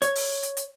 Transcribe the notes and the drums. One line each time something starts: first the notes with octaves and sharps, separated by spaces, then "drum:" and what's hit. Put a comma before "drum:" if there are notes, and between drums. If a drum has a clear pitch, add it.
C#5, drum: hi-hat
drum: open hi-hat
drum: hi-hat
drum: hi-hat